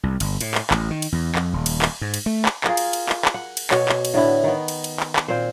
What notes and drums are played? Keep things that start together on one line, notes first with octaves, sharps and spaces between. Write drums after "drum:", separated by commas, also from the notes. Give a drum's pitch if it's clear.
C2
G1, drum: cymbal
A2, drum: cymbal
drum: clap
A1, drum: clap
D#3
drum: cymbal
E2
F2, drum: clap
D#1
drum: cymbal
drum: clap
G#2
drum: cymbal
A3
drum: clap
F4 G#4 A#4, drum: clap
drum: cymbal
drum: cymbal
drum: clap
drum: clap
F#5
drum: cymbal
B2 C#5, drum: clap
drum: clap
drum: cymbal
A2 D3 B3 E4
D#3 B3
drum: cymbal
drum: cymbal
drum: clap
drum: clap
A#2 C4 C5